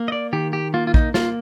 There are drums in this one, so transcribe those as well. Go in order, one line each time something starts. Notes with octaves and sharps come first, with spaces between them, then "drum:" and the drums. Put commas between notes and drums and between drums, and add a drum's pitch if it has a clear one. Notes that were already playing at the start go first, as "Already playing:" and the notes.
Already playing: A#3
D#5
D5
D#3 G4
G4
A#3 F4
F4
D#4, drum: kick A#1
A#3 F4, drum: snare